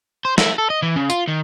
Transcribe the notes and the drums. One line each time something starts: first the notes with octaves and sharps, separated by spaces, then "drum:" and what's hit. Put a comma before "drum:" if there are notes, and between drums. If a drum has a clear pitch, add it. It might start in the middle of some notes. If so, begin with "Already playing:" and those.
C5
E4, drum: snare
A4
D#5
E3
C#3
F4, drum: tambourine
D#3